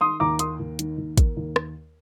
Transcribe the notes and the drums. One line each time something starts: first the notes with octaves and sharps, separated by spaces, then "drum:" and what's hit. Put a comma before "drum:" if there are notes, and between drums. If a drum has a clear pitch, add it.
D#3 C6 D#6
D#2 A#5 D6
A#3 C6 D#6, drum: hi-hat
D#2
D#3, drum: hi-hat
D#2
A#3, drum: kick, hi-hat
D#2
drum: rim click